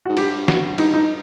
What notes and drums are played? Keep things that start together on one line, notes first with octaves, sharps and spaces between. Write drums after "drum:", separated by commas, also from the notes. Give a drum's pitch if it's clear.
G#2 F#4
G2 G4, drum: cymbal
F#4, drum: snare
G2 D#4, drum: cymbal
D#4